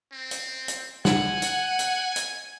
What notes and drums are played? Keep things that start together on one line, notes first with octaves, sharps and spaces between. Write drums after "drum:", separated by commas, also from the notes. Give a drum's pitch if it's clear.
C4
drum: hi-hat
drum: hi-hat
F#5 G#5, drum: snare
drum: hi-hat
drum: hi-hat
drum: hi-hat